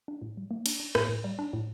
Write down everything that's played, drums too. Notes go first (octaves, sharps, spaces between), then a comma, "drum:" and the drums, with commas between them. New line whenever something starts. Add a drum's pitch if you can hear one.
D4
A2
G3
A#3
D4, drum: cymbal
D4
A2, drum: rim click
A2
G3
D4
A2